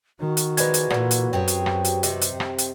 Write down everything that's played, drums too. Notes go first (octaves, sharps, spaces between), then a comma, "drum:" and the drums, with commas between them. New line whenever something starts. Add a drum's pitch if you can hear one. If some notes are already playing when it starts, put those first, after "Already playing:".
D#3 F#4
drum: hi-hat
F3 G#3 B4 D5 G#6, drum: hi-hat
drum: hi-hat
A#2 D3 E3, drum: rim click
drum: hi-hat
F#2 C4 G4 G#4
drum: hi-hat
drum: rim click
drum: hi-hat
C3 D#3 C4, drum: hi-hat
drum: hi-hat
drum: rim click
drum: hi-hat